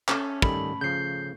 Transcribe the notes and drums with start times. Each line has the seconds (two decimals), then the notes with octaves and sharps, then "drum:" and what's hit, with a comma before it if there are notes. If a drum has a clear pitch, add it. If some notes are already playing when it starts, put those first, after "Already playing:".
0.08 C#4 A4 E5, drum: clap
0.42 D#3 G3 A3 A4 B5, drum: kick
0.81 C#3 F3 G6 C7